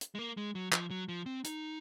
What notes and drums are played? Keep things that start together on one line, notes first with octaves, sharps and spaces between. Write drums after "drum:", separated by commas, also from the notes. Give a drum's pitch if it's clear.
drum: hi-hat
G#3
A#3
G#3
F#3
F3, drum: clap
F#3
F3
C4
D#4, drum: hi-hat